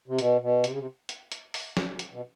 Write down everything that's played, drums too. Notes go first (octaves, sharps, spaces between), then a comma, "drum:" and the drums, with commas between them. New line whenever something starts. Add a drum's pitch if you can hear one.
C3
B2, drum: hi-hat
B2
C3, drum: hi-hat
C#3
C3
drum: hi-hat
drum: hi-hat
drum: open hi-hat
drum: snare
drum: hi-hat
B2